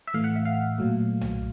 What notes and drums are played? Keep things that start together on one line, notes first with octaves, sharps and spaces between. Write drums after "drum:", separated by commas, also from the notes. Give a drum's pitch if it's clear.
E5
A2 E3 A3 F5
F#5
E5
F5
A#2 F#3 A3
drum: tom B1